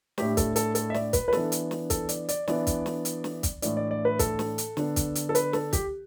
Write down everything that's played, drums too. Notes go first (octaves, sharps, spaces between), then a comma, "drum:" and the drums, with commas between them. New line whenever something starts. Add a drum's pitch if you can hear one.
A2 A3 D4 G4, drum: snare
A4, drum: kick, hi-hat
A4, drum: hi-hat
A4, drum: hi-hat
E5
D5, drum: snare
B4, drum: kick, hi-hat
B4
E3 B3 D4 A4, drum: snare
drum: hi-hat
drum: snare
A4, drum: kick, hi-hat
D5, drum: hi-hat
D5, drum: hi-hat
E3 B3 D4 D5, drum: snare
drum: kick, hi-hat
drum: snare
drum: hi-hat
drum: snare
drum: kick, hi-hat
A2 E3 A3 D4 D5, drum: hi-hat
D5
D5
B4
A4, drum: kick, hi-hat
drum: snare
drum: hi-hat
D3 B3 D4, drum: snare
drum: kick, hi-hat
drum: hi-hat
A4
B4, drum: hi-hat
A4, drum: snare
G4, drum: kick, hi-hat